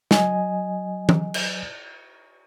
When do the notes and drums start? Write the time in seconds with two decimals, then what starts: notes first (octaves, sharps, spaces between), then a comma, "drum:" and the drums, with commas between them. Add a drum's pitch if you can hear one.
0.11 F#3 D#5 G#5, drum: snare
1.09 drum: tom
1.34 drum: cymbal